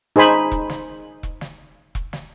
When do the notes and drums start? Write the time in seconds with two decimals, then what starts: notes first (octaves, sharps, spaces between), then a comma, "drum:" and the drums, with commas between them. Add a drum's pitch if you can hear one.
0.16 D#4 G#4 C5 G#5 B5
0.52 drum: kick E1
0.70 drum: snare
1.23 drum: kick E1
1.41 drum: snare
1.95 drum: kick E1
2.13 drum: snare